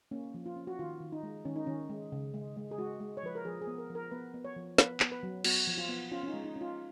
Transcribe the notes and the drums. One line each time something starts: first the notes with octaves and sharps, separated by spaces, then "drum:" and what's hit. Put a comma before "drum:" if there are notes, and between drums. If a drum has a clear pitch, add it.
A#3 C#4
F3
F4
C#4
F#4
D#3 F4
D#3
D#4
G#3
D#3 C#4
D#4
D#3 C#4
G#3
C#3
G#3
G#3
G#4
G#3 F#4
G#3
C#5
F3 B4
A#4
F3 G#4
G#4
B3
A#4
F3
A#4
B3 B4
B3
C#5
F3
B3 B4, drum: snare
B3, drum: clap
B4
F#3
B3 F#4, drum: cymbal
F3
F4
B3
C#4 F4
C#4
D#4
G#3
D#4
C#4
F4